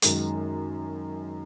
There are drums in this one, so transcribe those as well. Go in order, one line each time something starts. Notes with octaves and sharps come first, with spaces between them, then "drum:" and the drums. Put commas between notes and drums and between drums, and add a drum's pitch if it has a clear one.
F#2 D#3 G#3, drum: hi-hat